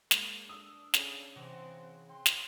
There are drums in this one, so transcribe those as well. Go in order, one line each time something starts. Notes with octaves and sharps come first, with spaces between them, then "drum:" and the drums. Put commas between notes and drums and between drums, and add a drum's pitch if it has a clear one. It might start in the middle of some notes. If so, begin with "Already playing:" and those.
G#3 A#3 C#5 C6, drum: snare
D4 D#6 E6
C#3 C#4 A4 G5, drum: snare
C3 E3 C4 F#4 A5
C4 C6
drum: snare